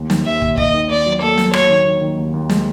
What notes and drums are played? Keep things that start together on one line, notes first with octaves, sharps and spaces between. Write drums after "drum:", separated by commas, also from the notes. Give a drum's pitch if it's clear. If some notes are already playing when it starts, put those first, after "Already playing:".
Already playing: D#2
D#3, drum: snare
D#2 E5
D#2, drum: kick
D#2 D#5, drum: kick
D#3
A#3 D5
F#3
A#3 A4
F#3, drum: snare
A#3 C#5, drum: rim click
D#3
D#3
D#3
D#2
D#2
G#3, drum: snare